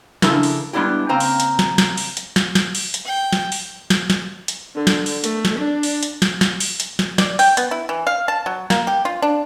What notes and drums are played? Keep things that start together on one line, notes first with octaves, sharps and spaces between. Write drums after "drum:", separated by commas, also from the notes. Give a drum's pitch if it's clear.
C#3 F3 D4 E4 A4 A#4, drum: snare
drum: open hi-hat
G3 G#3 B3 D4 E4 G4
C#3 A#3 C4 C5 G5 A#5
drum: open hi-hat
drum: hi-hat
drum: snare
drum: snare
drum: open hi-hat
drum: hi-hat
drum: snare
drum: snare
drum: open hi-hat
drum: hi-hat
G5
drum: snare
drum: open hi-hat
drum: snare
drum: snare
drum: hi-hat
D3
drum: snare
drum: open hi-hat
A3, drum: hi-hat
drum: snare
D4
drum: open hi-hat
drum: hi-hat
drum: snare
drum: snare
drum: open hi-hat
drum: hi-hat
drum: snare
D5, drum: snare
G5, drum: open hi-hat
B3, drum: hi-hat
E4
E3
F5
A5
F#3
A#3, drum: snare
G4
F4
D4